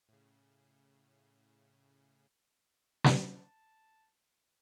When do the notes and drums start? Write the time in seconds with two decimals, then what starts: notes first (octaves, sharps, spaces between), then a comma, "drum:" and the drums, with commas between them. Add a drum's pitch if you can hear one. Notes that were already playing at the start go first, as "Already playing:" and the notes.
0.09 A2 C#3
3.04 drum: snare
3.34 A5